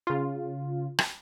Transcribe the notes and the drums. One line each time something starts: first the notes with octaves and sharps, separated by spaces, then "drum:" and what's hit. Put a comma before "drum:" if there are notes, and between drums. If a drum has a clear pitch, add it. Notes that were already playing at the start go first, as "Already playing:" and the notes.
C#3 F4
drum: rim click